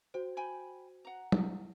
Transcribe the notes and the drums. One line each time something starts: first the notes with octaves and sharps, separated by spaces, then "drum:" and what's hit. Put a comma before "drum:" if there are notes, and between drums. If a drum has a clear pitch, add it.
F#4 C5 G5
G5 G#5 B5
F#5 A#5
E4, drum: tom F#3